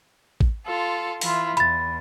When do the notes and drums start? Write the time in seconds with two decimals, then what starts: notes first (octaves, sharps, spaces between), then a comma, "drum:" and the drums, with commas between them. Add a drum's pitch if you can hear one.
0.41 drum: kick A1
0.65 F4 A4 C6
1.21 E3 E4 F4, drum: open hi-hat
1.57 E2 B5 A6, drum: hi-hat